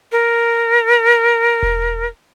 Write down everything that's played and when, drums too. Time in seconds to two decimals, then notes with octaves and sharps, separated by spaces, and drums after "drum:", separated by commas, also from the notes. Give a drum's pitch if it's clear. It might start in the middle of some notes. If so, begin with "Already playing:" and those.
0.12 A#4
1.63 drum: kick E1